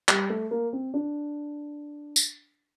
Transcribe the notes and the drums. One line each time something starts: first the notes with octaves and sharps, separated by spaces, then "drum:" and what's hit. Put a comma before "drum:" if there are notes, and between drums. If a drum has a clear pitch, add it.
G3, drum: clap
A3
A#3
C4
D4
drum: tambourine